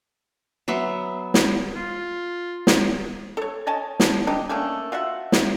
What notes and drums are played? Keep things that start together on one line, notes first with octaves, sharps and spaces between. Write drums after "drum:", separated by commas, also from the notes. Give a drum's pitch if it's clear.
F#3 B3 E5 C6
drum: snare
F4
drum: snare
A4 C#5
C#5 D#5 G#5 A5
drum: snare
D4 D#4 G4
A3 A#3 C#4 D4
F4 F#4 E5 F#5
drum: snare